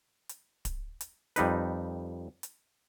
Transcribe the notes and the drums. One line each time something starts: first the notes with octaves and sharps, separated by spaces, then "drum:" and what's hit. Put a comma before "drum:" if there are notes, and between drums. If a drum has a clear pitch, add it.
drum: hi-hat
drum: kick D1, hi-hat
drum: hi-hat
F2 G3 D#4 B4, drum: hi-hat
drum: hi-hat